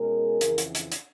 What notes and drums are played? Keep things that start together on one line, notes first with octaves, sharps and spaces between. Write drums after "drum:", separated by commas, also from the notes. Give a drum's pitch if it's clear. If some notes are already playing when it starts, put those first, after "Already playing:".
Already playing: B2 G#3 C#4 G#4 A#4
F2 C#3 E3, drum: hi-hat
drum: hi-hat
drum: hi-hat
drum: hi-hat